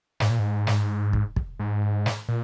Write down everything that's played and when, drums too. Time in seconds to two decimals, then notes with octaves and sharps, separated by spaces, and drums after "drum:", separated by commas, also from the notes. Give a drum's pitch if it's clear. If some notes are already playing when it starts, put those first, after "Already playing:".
0.20 G#2, drum: snare
0.30 A#2
0.39 G#2
0.67 drum: snare
1.13 drum: kick
1.36 drum: kick
1.59 G#2
2.06 drum: snare
2.28 A#2